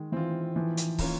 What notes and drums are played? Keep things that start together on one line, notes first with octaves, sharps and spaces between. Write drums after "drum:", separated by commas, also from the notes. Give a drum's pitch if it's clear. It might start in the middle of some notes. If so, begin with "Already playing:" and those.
Already playing: D#3 G#3
E3 C4 F4
E3 F3
drum: hi-hat
A#3 C#4 F4 A#4, drum: kick, open hi-hat